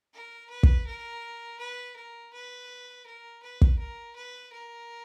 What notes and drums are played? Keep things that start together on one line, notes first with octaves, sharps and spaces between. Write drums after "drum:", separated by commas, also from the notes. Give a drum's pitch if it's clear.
A#4
B4
drum: kick
A#4
B4
A#4
B4
A#4
B4
drum: kick
A#4
B4
A#4